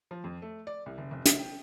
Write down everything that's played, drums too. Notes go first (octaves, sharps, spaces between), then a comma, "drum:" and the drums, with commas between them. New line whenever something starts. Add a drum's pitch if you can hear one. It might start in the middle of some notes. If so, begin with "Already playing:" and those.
F3
F2
A3
D5
C2
F#1
F1
E5, drum: hi-hat
G5